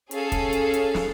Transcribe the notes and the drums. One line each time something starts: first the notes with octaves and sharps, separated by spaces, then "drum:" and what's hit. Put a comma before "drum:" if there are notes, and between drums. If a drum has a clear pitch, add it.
C#4 G#4 A4 F5, drum: hi-hat
drum: kick, hi-hat
drum: hi-hat
drum: hi-hat
drum: snare